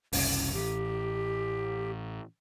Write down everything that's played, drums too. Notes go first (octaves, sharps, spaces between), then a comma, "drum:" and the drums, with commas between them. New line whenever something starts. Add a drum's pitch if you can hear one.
F#1 C2 C#4, drum: open hi-hat
A1 G4